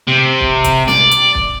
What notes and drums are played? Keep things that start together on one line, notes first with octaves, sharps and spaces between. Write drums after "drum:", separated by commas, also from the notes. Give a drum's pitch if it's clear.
C3
drum: kick
drum: kick, hi-hat
D5, drum: snare
drum: hi-hat
drum: kick